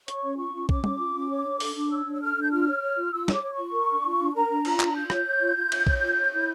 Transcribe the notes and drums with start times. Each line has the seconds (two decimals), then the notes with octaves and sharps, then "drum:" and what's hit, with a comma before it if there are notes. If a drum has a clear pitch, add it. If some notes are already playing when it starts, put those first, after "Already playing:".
0.08 C#5 C#6, drum: hi-hat
0.23 C#4
0.38 F4 C#6
0.54 C#4
0.69 C#5 D6, drum: kick A#1
0.84 C#4, drum: tom
0.99 F4
1.15 C#4
1.30 C#5
1.45 D4
1.60 A4, drum: open hi-hat
1.75 D4
1.91 C#5 E6
2.06 D4
2.14 E6
2.21 A4 F6
2.37 D4
2.42 G6
2.51 F4 F6
2.67 C#5
2.82 C#5
2.97 F4
3.12 F4 E6
3.28 C#5 D6, drum: snare
3.43 C#5
3.53 C#6
3.58 F4
3.73 A#4
3.89 D4
4.04 F4
4.19 D4
4.34 A#4 A#5
4.50 D4
4.65 F4, drum: cymbal
4.80 D4, drum: clap
4.96 F4 G6
5.10 C#5, drum: rim click
5.25 C#5
5.40 F4
5.56 F4
5.72 C#5, drum: cymbal
5.87 C#5, drum: kick A#1
6.02 F4
6.18 C#5
6.32 E4